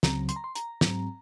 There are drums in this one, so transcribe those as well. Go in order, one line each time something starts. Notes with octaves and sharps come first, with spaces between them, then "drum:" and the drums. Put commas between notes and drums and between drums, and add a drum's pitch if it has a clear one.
C#2 C#3 F#3 C4 A#5, drum: snare
C6, drum: hi-hat
A#5
C6
A#5, drum: hi-hat
G#2 F#3 C4, drum: snare